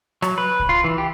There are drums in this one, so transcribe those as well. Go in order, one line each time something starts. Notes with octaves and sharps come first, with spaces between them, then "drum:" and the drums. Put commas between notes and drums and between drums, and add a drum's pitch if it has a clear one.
F#3, drum: rim click
B4
drum: kick C2
F4
E3
G4